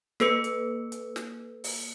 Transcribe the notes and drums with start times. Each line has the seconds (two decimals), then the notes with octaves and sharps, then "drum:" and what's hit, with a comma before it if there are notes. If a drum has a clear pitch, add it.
0.20 A#3 A4 B4 E6 C#7, drum: snare
0.44 drum: hi-hat
0.92 drum: hi-hat
1.16 drum: snare
1.64 drum: open hi-hat